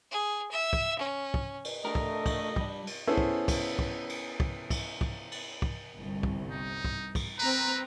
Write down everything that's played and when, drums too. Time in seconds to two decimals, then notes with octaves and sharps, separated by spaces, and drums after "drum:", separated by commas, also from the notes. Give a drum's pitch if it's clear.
0.11 G#4
0.51 E5
0.73 drum: kick
0.99 C#4
1.34 drum: kick
1.65 drum: cymbal
1.85 A3 D4 G4 A#4 D#5
1.95 drum: kick
2.26 drum: kick, cymbal
2.56 G3 D4, drum: kick
2.87 drum: cymbal
3.07 B3 C#4 E4 G#4 A4 C5
3.18 drum: kick
3.48 drum: kick, cymbal
3.79 drum: kick
4.09 drum: cymbal
4.40 drum: kick
4.70 drum: kick, cymbal
5.01 drum: kick
5.32 drum: cymbal
5.62 drum: kick
5.96 G1 C2
6.23 drum: kick
6.51 D#4
6.85 drum: kick
7.15 drum: kick, cymbal
7.39 C4 B4 A#5